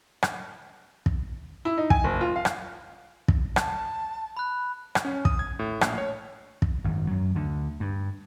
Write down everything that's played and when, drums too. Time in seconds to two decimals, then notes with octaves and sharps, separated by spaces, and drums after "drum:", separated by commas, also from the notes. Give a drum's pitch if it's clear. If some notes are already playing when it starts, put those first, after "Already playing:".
0.23 drum: rim click
1.06 drum: kick
1.65 E4
1.78 D#4
1.90 G#5, drum: kick
2.04 F#1
2.21 F4
2.36 F5
2.45 drum: rim click
3.28 drum: kick
3.56 A5, drum: rim click
4.37 B5 F#6
4.95 drum: rim click
5.05 C#4
5.25 D#6, drum: kick
5.39 G#6
5.59 A2
5.81 A#1, drum: rim click
5.98 C#5
6.62 drum: kick
6.84 G#1 F#2
7.07 F#2 F#3
7.35 D2 D3
7.80 G2